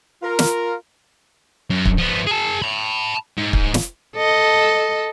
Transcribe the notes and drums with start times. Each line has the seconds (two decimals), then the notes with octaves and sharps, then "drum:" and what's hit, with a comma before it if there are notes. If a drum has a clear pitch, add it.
0.22 F4 A#4
0.39 drum: snare
1.70 F#2
1.85 drum: kick
1.98 F3 B3
2.27 G#4 A5
2.62 A5 B5
3.37 G#2
3.53 drum: kick
3.74 drum: snare
4.16 A4 D#5